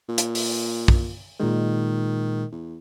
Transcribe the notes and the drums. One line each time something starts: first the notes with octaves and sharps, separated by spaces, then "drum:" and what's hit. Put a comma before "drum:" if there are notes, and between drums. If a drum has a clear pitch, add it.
A#2
drum: hi-hat
drum: open hi-hat
drum: kick
A#2 D#3 G#3
E2